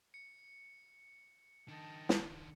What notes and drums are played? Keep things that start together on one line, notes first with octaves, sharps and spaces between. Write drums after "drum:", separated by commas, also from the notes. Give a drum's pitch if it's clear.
C#7
D#3 D4 D#5 G5 A5
drum: snare